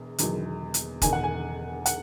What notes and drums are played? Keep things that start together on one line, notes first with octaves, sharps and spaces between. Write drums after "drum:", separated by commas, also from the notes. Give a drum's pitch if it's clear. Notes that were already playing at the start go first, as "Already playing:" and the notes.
Already playing: E1 E2
E1 E2 D#3 F#3, drum: hi-hat
drum: hi-hat
E1 E2 D#3 G#5, drum: kick, hi-hat
F#5
G#5
F#5, drum: hi-hat